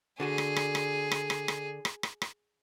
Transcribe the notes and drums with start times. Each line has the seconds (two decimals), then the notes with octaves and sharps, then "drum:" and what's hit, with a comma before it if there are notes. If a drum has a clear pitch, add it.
0.20 D3 F#4 G#4 G#5
0.38 drum: rim click
0.56 drum: rim click
0.75 drum: rim click
1.11 drum: rim click
1.30 drum: rim click
1.48 drum: rim click
1.85 drum: rim click
2.03 drum: rim click
2.22 drum: rim click